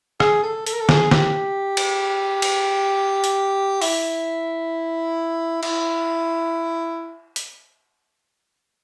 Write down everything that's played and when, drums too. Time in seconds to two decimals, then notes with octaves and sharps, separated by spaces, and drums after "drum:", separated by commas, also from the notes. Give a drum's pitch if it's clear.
0.20 G#4, drum: rim click
0.43 A4
0.67 A4, drum: hi-hat
0.73 A#4
0.81 A4
0.89 G#4, drum: snare
1.11 G4, drum: snare
1.77 drum: cymbal
2.42 drum: cymbal
3.24 drum: hi-hat
3.82 E4, drum: open hi-hat
5.63 E4, drum: cymbal
7.36 drum: hi-hat